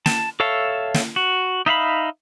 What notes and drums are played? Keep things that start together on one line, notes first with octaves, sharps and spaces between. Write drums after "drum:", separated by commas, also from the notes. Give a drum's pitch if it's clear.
A5, drum: snare
A4 C#5 E5 F5 A5
drum: snare
F#4
D#4 E5 F5 B5